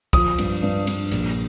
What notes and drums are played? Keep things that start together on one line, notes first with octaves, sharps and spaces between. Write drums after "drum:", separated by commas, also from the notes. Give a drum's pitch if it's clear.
F3 D#6, drum: kick, cymbal
G2, drum: cymbal
G2
G2, drum: cymbal
A#1, drum: cymbal